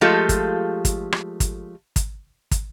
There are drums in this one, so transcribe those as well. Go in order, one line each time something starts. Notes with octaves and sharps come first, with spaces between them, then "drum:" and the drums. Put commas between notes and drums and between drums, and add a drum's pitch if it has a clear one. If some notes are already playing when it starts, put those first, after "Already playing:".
F3 G#3 A3 F4 G4 A4
drum: kick, hi-hat
drum: kick, hi-hat
drum: rim click
drum: kick, hi-hat
drum: kick, hi-hat
drum: kick, hi-hat